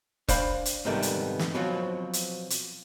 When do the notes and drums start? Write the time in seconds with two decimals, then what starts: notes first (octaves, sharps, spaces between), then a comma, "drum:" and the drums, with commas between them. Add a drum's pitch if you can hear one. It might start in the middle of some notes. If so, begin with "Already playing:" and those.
0.28 D4 C5 F5 G5 B5, drum: kick E1, hi-hat
0.65 drum: hi-hat
0.85 G#2 C3 D#3 G3 A3 B3
1.02 drum: hi-hat
1.39 drum: snare
1.54 B2 F3 F#3 C4 F4 F#4
2.13 drum: hi-hat
2.50 drum: hi-hat